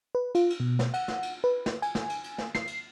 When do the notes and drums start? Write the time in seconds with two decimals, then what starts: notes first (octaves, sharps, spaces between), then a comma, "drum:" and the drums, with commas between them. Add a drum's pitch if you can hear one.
0.15 B4
0.35 F4, drum: cymbal
0.50 drum: cymbal
0.60 B2
0.79 drum: snare
0.94 F#5, drum: cymbal
1.08 drum: snare
1.23 drum: cymbal
1.44 B4
1.66 drum: snare
1.82 G#5, drum: cymbal
1.95 drum: snare
2.09 drum: cymbal
2.24 drum: cymbal
2.38 drum: snare
2.55 C7, drum: snare
2.67 drum: cymbal